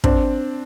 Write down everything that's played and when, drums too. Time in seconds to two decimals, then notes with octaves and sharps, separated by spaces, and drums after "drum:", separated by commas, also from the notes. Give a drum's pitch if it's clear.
0.04 C4 D4, drum: kick